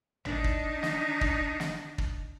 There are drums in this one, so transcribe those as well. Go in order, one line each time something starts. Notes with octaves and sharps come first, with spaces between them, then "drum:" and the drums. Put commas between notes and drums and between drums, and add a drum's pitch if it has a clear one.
D4 D#4, drum: tom
drum: kick
drum: snare
drum: kick
drum: snare
drum: kick